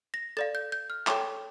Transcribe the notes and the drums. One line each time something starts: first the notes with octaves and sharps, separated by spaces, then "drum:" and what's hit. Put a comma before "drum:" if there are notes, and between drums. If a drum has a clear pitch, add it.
A#6
A4 D5 F5 A6
G6
G6
F6
A4 C#5 G5 D6, drum: clap